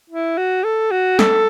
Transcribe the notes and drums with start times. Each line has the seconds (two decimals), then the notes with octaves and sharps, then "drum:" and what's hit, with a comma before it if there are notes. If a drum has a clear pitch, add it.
0.10 E4
0.37 F#4
0.64 A4
0.91 F#4
1.19 A4, drum: snare